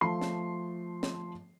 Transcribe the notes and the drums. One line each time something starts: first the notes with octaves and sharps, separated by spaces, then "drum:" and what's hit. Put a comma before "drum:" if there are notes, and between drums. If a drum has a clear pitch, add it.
F3 A3 C6 C7
drum: snare
drum: snare